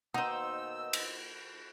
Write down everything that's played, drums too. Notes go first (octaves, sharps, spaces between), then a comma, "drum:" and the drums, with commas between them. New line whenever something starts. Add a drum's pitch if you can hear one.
B2 D#3 A#3 D#4 C5 F#5 E6
drum: cymbal